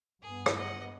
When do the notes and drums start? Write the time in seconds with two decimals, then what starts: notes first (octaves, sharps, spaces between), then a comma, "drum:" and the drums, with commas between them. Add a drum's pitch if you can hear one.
0.23 G2 B3 G#4
0.46 drum: rim click
0.57 D#5 F#5